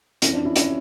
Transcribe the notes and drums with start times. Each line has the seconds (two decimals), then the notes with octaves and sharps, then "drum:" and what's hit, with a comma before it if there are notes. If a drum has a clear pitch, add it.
0.22 F2 E3 C#4, drum: hi-hat
0.33 D4
0.45 C#4 E4
0.56 C#4 E4, drum: hi-hat